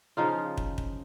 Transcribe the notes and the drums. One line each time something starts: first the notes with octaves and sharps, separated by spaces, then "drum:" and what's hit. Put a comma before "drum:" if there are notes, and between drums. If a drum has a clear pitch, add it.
C#3 F3 D#4 F4
drum: kick
drum: kick